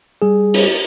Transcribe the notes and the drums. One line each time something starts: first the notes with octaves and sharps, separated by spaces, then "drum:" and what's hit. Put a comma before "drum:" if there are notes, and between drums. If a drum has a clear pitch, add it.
G3 G#4
drum: open hi-hat